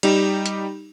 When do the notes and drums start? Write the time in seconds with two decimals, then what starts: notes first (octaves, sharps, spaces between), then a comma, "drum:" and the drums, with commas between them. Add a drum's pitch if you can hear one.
0.03 G3 D#4 G4, drum: cymbal
0.46 drum: hi-hat